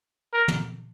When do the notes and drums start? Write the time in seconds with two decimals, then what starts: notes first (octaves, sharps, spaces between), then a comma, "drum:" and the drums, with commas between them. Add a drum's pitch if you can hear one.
0.33 A#4
0.48 drum: tom